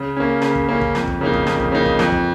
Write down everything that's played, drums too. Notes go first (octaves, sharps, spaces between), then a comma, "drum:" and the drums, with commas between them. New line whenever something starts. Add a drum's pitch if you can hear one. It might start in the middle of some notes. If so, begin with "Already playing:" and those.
Already playing: C#3
A#3 C#4
C#3, drum: rim click
drum: kick
A#3 C#4
drum: kick
F2, drum: rim click
drum: kick
C#3 A#3 D#4
drum: kick
F2, drum: rim click
drum: kick
C#3 A#3 D#4
drum: kick
F2, drum: rim click
drum: kick